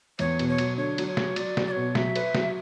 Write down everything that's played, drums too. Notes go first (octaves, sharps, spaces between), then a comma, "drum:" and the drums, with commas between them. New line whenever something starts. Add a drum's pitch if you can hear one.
E2 C#5, drum: cymbal
B2, drum: cymbal
C#5
F#3, drum: cymbal
D3 C#5
F#3, drum: cymbal
C#5
F#3, drum: snare
F#3 D5, drum: cymbal
F#3, drum: snare
D5
B2 C#5
F#3 E5, drum: snare
B4, drum: cymbal
F#3, drum: snare